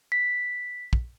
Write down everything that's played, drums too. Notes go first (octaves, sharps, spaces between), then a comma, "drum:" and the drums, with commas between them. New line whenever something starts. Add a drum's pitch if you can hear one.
B6
drum: kick